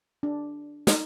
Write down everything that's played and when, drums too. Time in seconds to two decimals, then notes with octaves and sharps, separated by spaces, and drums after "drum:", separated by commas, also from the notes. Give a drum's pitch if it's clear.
0.23 D4
0.87 D#4, drum: snare